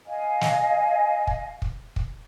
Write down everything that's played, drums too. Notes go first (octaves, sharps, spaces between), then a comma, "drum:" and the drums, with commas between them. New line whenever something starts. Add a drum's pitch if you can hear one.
D#5 F5 G#5
drum: snare
drum: kick
drum: kick
drum: kick